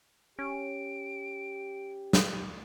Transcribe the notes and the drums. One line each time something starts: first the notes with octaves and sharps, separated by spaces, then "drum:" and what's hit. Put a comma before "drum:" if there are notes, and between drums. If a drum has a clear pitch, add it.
C#4 G4 D7
drum: snare